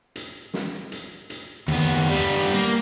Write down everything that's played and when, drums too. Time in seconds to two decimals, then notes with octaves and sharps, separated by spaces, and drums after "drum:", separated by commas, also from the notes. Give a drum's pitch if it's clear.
0.16 drum: hi-hat
0.54 drum: snare
0.92 drum: hi-hat
1.30 drum: hi-hat
1.68 D#2 B3, drum: hi-hat
2.10 G3 B3
2.44 drum: hi-hat
2.55 A#3